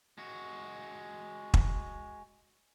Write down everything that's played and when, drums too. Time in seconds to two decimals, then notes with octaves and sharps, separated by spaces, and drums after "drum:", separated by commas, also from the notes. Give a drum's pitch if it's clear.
0.18 G#3 F#4
1.54 drum: kick